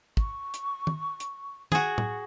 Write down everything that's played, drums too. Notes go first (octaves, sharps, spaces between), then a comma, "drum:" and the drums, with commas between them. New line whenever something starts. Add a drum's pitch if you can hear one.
C#6, drum: kick
drum: hi-hat
drum: tom
drum: hi-hat
F#4 G#4, drum: tom
drum: tom